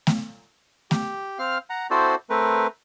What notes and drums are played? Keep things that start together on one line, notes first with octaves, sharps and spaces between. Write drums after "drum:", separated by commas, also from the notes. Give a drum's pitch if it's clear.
drum: snare A3
G4, drum: snare A3
C4 F5 F6
F#5 A#5
C4 E4 F#4 A4 C5 D5
A3 C4 A#4 B4